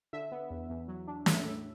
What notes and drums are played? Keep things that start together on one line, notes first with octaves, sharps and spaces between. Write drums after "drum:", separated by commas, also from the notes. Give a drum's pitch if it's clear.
D3 E5
B3
E2
E2
F#3
D4
A2 E5, drum: snare
A2